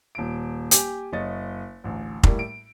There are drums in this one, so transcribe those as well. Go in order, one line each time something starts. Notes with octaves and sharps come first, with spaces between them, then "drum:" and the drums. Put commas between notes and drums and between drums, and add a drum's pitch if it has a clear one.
D#1 D7
G4 G#5, drum: hi-hat
F#1 C#5 D#5 A6
A1 D2
A2 G3 A#3, drum: kick F1
D7